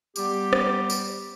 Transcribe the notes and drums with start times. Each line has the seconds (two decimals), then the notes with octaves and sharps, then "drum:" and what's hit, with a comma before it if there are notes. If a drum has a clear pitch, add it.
0.16 G3 B3 G4, drum: tambourine
0.53 drum: rim click
0.90 drum: tambourine